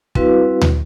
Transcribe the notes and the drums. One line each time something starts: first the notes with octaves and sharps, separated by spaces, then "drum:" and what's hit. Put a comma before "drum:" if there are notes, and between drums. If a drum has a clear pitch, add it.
G3 C4 E4 F#4 B4 F5, drum: kick
drum: tom D2